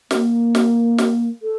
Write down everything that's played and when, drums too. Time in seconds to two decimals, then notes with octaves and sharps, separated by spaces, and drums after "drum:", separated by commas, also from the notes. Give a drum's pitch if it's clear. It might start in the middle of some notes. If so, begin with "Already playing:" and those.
0.11 A#3, drum: snare
0.55 drum: snare
0.98 drum: snare
1.43 A4